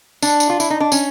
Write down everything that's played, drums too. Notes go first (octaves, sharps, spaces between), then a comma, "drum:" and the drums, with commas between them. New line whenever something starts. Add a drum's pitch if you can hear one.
D4, drum: tambourine
drum: tambourine
F4
E4, drum: tambourine
D#4
D4
C#4, drum: tambourine